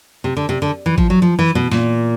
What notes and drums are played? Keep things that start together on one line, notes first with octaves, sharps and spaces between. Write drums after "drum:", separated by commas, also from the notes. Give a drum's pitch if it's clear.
C3
D3
C3
D3
E3
F3, drum: kick
F#3
F3
E3
B2
A#2, drum: snare